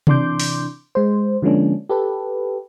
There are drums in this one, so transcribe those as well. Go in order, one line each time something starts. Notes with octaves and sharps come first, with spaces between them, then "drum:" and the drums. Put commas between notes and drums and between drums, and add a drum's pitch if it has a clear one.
C3 E3 D4 C6 D6 G6, drum: tom C3
drum: open hi-hat
G#3 C5
D3 F3 G#3 A#3 C#4 D4
G4 A4 B4